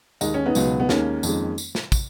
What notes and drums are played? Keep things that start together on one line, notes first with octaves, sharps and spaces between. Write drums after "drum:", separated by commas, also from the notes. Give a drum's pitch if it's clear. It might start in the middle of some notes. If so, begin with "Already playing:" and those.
D#2 D#3 G#3 D#4, drum: tambourine
C#4
B3 D#4
C#2 B2 F#3, drum: tambourine
B3
D#2 D#3 G#3 A#3 C#4, drum: snare
F2 D#3 G#3, drum: tambourine
drum: tambourine
drum: snare
drum: kick, tambourine